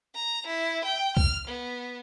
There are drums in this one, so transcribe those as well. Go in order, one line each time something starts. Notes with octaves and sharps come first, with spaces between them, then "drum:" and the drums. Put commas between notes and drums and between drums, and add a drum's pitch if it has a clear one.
A#5
E4
G5
F6, drum: kick C2
B3